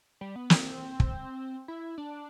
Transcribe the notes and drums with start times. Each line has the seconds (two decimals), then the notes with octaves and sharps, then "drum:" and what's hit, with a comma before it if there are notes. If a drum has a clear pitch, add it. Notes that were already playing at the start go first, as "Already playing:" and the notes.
0.21 G3
0.36 B3
0.50 C4, drum: snare
1.00 drum: kick
1.68 E4
1.98 D4